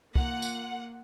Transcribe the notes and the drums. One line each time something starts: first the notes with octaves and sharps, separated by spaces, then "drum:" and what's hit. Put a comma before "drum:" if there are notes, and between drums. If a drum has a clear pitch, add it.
A#3 F4 F#5, drum: kick
drum: tambourine